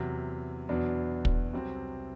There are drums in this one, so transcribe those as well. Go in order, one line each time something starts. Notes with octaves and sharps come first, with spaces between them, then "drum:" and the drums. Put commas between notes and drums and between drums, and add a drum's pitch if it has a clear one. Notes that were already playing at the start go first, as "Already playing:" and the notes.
Already playing: E2 C3 F#3
E2 B2 F#3 B3 D4
drum: kick
C2 C3 F#3 C4